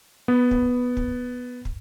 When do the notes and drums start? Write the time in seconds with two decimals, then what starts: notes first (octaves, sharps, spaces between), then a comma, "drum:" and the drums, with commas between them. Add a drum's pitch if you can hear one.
0.28 B3
0.51 drum: kick
0.97 drum: kick
1.65 drum: kick